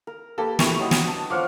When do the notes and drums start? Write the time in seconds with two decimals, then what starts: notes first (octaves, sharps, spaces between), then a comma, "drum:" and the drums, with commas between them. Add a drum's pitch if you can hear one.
0.07 A#4
0.38 A#3 G4 A4 B4
0.59 D#2 E4 C#6 F7, drum: snare
0.79 F#3 D4 D#5
0.91 drum: snare
1.08 A5
1.30 F3 C#5 F#5 D6 F6